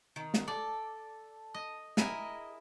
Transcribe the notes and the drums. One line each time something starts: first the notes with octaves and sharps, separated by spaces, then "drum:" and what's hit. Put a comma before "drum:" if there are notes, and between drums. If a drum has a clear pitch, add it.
D#3
drum: snare
A4 D5
D#5
E4 G#4 A#4 D#5 G#5, drum: snare